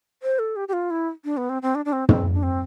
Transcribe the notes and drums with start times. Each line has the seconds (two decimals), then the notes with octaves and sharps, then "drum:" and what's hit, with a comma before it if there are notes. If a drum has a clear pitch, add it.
0.23 C5
0.39 A4
0.56 G4
0.68 G4
0.73 F4
0.90 E4
1.25 D4
1.37 B3
1.49 C4
1.62 C4
1.75 D4
1.85 D4
1.93 C4
2.09 C4, drum: tom
2.34 D4
2.43 C4